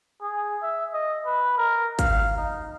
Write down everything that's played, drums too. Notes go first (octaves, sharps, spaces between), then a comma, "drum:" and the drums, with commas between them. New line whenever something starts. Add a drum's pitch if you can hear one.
G#4
E5
D#5
B4
A#4
F5, drum: kick, hi-hat
D#4